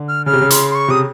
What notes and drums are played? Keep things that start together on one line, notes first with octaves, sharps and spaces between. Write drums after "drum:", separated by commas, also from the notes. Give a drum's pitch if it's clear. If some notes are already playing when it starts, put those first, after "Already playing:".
Already playing: D3
F6
C#3 F6
C3
C#3
C6, drum: hi-hat
C6
C#6
C3 D#6